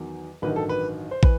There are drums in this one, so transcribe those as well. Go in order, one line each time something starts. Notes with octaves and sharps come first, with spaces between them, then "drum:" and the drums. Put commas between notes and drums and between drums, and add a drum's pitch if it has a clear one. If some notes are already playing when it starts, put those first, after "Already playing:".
Already playing: E2 D#3 F#3
A1 G2 D#3 F#3 B4
A4
B4
C5
E3 B4, drum: kick